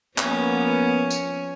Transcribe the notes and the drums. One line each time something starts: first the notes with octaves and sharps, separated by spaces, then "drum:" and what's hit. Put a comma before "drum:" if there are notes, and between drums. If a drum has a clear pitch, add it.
F3 A#3 B3 C#4, drum: clap
drum: tambourine